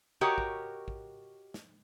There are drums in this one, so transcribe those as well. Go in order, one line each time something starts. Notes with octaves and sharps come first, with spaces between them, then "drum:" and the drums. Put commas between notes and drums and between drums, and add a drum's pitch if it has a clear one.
F#4 G4 A#4 C#5 D#5
drum: kick
drum: kick
drum: snare